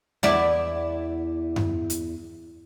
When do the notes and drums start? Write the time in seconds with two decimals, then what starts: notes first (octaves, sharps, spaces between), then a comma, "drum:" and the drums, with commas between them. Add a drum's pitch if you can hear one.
0.23 E2 E4 D5, drum: snare
1.56 drum: tom F#2
1.90 drum: hi-hat